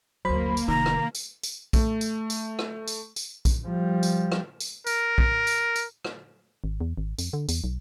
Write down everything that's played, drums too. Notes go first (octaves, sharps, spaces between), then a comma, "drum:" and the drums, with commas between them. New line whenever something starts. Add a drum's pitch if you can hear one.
F#1 D2 F#3 A#3 C5 B5
drum: tambourine
F1 D#3 D#4 A#5
drum: rim click
drum: tambourine
drum: tambourine
A3, drum: kick A#1, tambourine
drum: tambourine
drum: tambourine
drum: rim click
drum: tambourine
drum: tambourine
drum: kick A#1, tambourine
F3 G3
drum: tambourine
drum: rim click
drum: tambourine
A#4, drum: tambourine
drum: kick A#1
drum: tambourine
drum: tambourine
drum: rim click
G#1
E2
G#1
F2, drum: tambourine
D3
E2, drum: tambourine
B1